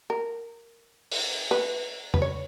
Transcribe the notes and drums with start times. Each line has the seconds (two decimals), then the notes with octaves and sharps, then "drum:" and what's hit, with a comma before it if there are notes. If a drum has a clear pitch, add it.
0.10 A#4
1.12 drum: open hi-hat
1.51 B4
2.14 B4, drum: tom
2.22 C#5